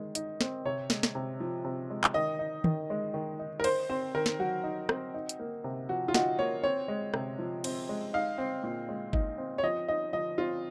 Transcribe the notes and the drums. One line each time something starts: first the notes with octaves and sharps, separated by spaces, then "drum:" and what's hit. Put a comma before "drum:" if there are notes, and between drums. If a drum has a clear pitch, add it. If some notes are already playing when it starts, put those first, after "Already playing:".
Already playing: D#3 G#3
D#4, drum: hi-hat
C4, drum: snare
C3 C#5
G#3, drum: snare
drum: snare
C3
F3
C3
G#3
drum: clap
D#3 D#5
D#4
D#3, drum: tom D#3
G#3
D#3
D#4
A#4
D#4 C5, drum: cymbal
C4 C5
D#3 A#4
drum: snare
F#3 F#4
D#4
C4, drum: rim click
D#4
drum: hi-hat
A#3
C3
F3 F#4
F4
D#4 F#4, drum: snare
A#3 C#5
C4 C#5
G#3
C3, drum: rim click
F3
C4, drum: cymbal
G#3
D#4 F5
C4
A#2
G#3
D#4, drum: kick
C4
C#5
F3 D#5
D#4 D#5
F3 D#5
C4 F4